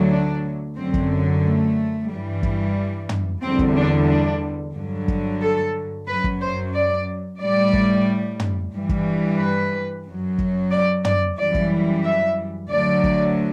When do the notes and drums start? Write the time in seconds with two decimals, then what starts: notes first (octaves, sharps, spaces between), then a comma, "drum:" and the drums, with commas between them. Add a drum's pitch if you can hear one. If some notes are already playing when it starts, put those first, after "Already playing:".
Already playing: D2 D3 F#3
0.11 D4
0.77 F#2 D3 F#3 C4
0.94 drum: kick
1.43 A3
2.09 G2 E3 G3
2.43 drum: kick
3.09 drum: tom
3.42 E2 D3 G3 C4
3.59 drum: kick
3.76 D4
4.09 D4
4.74 G2 D3 F#3
5.08 drum: kick
5.41 A4
6.08 F#2 F#3 B4
6.24 drum: kick
6.41 C5
6.74 D5
7.40 A2 G3 D5
7.73 drum: kick
8.40 drum: tom
8.73 G2 E3 G3
8.89 drum: kick
9.38 B4
10.06 F#2 F#3
10.38 drum: kick
10.72 D5
11.05 D5, drum: tom
11.37 F#2 E3 G3 D5
11.54 drum: kick
12.04 E5
12.70 D2 D3 F#3 D5
13.04 drum: kick